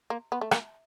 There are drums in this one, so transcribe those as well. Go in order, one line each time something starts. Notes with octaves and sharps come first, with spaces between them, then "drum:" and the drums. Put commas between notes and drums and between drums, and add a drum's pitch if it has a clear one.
A#3
B3
A3
A#3, drum: rim click